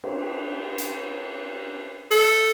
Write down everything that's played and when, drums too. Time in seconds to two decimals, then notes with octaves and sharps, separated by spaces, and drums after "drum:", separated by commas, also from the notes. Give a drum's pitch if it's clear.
0.04 drum: cymbal
0.78 drum: hi-hat
2.11 A4, drum: open hi-hat